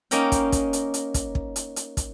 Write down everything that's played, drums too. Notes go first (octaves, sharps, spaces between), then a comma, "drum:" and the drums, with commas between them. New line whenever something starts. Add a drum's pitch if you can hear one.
A#3 C#4 D#4 A#4 F#5 G5, drum: hi-hat
drum: kick, hi-hat
drum: kick, hi-hat
drum: hi-hat
drum: hi-hat
drum: kick, hi-hat
drum: kick
drum: hi-hat
drum: hi-hat
drum: kick, hi-hat